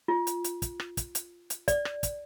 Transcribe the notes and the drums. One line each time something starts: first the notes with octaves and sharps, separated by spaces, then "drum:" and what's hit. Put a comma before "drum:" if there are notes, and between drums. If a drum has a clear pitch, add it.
F4
drum: hi-hat
drum: hi-hat
drum: kick, hi-hat
drum: rim click
drum: kick, hi-hat
drum: hi-hat
drum: hi-hat
D5, drum: kick, hi-hat
drum: rim click
drum: kick, hi-hat